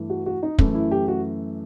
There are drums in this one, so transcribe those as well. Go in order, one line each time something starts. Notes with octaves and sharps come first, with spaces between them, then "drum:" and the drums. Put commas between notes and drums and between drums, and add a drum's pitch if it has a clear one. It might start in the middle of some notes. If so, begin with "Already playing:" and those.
Already playing: G2 E3 A3
F#4
F#4
D#4
F#2 E3 A3 E4, drum: kick
E4
G4
F#4